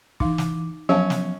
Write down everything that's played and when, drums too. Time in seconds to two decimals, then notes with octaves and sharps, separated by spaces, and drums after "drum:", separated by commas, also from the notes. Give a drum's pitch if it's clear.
0.20 E3 D#4 F5 D6, drum: kick
0.38 drum: snare
0.89 F3 F#3 B3 C#4 F5 A5
1.10 drum: snare